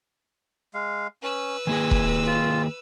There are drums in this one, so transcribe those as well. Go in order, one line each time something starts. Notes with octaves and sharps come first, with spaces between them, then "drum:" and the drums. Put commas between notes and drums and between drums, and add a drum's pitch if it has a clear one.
G#3 F5
C#4 B4 E6
D#3 A#3 G#4 G#5
drum: kick
F4